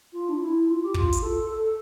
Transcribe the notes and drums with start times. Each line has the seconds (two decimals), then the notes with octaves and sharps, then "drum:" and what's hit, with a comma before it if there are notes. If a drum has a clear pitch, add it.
0.12 F4
0.28 D4
0.40 E4
0.67 F4
0.83 G4
0.94 F4, drum: kick
1.13 drum: hi-hat
1.22 A4
1.49 A4